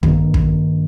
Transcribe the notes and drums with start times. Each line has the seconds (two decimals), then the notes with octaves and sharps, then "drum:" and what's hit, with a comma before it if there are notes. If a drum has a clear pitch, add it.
0.03 G2 D#3 A#3, drum: kick
0.34 drum: kick